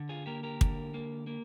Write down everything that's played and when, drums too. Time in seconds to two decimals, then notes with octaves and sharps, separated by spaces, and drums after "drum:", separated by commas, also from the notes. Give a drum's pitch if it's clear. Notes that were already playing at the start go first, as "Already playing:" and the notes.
Already playing: D3
0.09 F4 G#4
0.26 A#3 G4 A#4
0.43 G4 A#4
0.61 D3, drum: kick
0.94 A#3
1.27 A#3